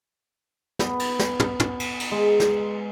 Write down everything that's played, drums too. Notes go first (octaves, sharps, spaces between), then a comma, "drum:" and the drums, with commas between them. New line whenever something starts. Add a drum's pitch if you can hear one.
B3, drum: snare
drum: cymbal
drum: snare
drum: tom
drum: tom
drum: cymbal
drum: cymbal
G#3
drum: snare